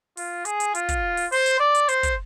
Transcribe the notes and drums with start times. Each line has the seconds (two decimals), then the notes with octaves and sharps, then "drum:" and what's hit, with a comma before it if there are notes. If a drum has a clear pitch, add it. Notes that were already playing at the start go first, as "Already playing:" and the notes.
0.17 F4, drum: open hi-hat
0.45 G#4, drum: hi-hat
0.60 drum: hi-hat
0.75 F4, drum: hi-hat
0.89 drum: kick, hi-hat
1.17 drum: open hi-hat
1.32 C5, drum: open hi-hat
1.46 drum: hi-hat
1.60 D5
1.75 drum: hi-hat
1.89 C5, drum: hi-hat
2.03 drum: kick, hi-hat